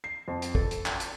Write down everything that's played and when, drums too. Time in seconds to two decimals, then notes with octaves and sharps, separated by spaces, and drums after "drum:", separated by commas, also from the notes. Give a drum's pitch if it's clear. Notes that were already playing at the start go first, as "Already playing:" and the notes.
0.04 C7
0.28 F2
0.42 drum: hi-hat
0.55 A4, drum: kick
0.71 drum: hi-hat
0.86 drum: clap
1.00 drum: hi-hat